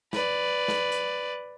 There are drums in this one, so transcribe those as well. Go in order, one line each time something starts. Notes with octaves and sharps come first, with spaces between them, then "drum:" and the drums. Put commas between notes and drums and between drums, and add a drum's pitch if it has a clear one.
B4 D5, drum: snare
drum: snare
drum: hi-hat